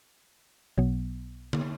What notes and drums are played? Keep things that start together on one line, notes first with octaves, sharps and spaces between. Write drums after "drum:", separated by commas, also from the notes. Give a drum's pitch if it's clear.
B1 B2 F#3 B3
drum: tom D3